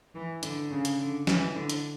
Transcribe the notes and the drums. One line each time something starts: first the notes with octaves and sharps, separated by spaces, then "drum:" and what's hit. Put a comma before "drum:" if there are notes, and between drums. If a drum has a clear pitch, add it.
E3
D3, drum: hi-hat
C#3
drum: hi-hat
D3
E3, drum: snare
D3
drum: hi-hat